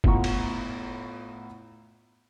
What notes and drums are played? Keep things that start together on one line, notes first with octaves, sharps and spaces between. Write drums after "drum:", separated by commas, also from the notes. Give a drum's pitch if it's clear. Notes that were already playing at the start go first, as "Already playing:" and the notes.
A2 B3 F4 A#5 C#6, drum: kick
drum: cymbal